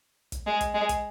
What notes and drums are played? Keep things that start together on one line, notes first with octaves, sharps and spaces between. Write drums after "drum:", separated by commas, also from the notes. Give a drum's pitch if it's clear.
drum: kick, hi-hat
G#3
drum: kick, hi-hat
G#3
drum: kick, hi-hat